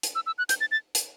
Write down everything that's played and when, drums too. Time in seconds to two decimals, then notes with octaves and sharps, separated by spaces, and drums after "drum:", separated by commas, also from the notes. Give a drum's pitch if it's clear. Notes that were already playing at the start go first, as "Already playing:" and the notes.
0.03 drum: hi-hat
0.15 E6
0.26 E6
0.38 F#6
0.49 G6, drum: hi-hat
0.61 A6
0.71 A6
0.95 drum: hi-hat